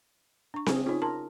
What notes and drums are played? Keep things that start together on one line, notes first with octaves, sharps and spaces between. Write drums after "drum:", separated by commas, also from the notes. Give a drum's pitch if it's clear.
D4 C#6
C#3 C4 G#4, drum: snare C4
C#4 D#4 F4 G#4
A#4 A5 C6